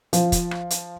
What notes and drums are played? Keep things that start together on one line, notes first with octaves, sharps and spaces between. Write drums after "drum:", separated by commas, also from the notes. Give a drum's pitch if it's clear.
F3, drum: hi-hat
drum: kick, hi-hat
drum: rim click
drum: hi-hat